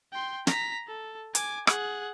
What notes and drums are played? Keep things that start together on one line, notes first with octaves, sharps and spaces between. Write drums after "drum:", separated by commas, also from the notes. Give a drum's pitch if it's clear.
G5 C6
A#5 B6, drum: snare
A4
G#5 D6, drum: hi-hat
G#4 F#5, drum: rim click